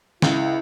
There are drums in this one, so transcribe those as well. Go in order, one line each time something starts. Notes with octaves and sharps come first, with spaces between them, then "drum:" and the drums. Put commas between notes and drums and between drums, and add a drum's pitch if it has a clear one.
C#2 E4, drum: snare